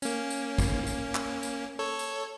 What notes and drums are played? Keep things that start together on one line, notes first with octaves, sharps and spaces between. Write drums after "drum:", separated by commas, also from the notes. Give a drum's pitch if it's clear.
A#3 C#4, drum: tambourine
drum: tambourine
drum: kick, tambourine
drum: tambourine
drum: clap
drum: tambourine
A4 C#5
drum: tambourine